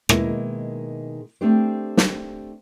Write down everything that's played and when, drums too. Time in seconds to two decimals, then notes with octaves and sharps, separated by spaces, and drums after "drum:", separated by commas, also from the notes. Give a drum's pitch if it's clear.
0.09 B2 D#3 G#3 A#3 E4 A#4, drum: rim click
1.41 A3 C4 D4 G4 C5
1.97 drum: snare